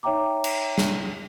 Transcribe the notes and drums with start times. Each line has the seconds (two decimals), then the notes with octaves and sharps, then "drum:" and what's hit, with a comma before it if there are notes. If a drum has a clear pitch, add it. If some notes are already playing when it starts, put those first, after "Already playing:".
0.03 D#4 C#5 E5 G5 A#5 D6
0.44 drum: cymbal
0.78 drum: snare